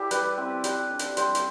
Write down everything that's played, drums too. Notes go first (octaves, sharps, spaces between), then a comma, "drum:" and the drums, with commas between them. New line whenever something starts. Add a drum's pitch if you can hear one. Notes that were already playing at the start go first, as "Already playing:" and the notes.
Already playing: E4 G4 A4 D5
G3 B4, drum: hi-hat
C4 E4
G3, drum: hi-hat
D4
drum: hi-hat
G3 C5, drum: hi-hat
drum: hi-hat